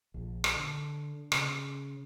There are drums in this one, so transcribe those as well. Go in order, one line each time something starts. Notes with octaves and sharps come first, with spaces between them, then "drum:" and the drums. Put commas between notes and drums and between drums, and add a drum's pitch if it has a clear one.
A#1
drum: rim click
D3
C#3, drum: rim click